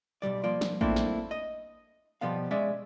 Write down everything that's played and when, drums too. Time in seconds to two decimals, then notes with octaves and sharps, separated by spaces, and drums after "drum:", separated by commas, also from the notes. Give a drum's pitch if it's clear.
0.22 B1 F#2 G3 D5
0.44 F3 A#3 F4 D5
0.61 drum: snare
0.81 A3 A#3 C4 D4 E4, drum: kick A1
0.96 drum: snare
1.31 D#5
2.21 B2 F3 G3 B3 F5
2.51 G#3 C#4 D5 E5